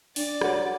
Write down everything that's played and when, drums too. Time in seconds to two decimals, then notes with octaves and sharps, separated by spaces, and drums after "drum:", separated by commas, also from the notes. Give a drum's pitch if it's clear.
0.16 D4 D5, drum: open hi-hat
0.41 F#4 C#5 F#5, drum: rim click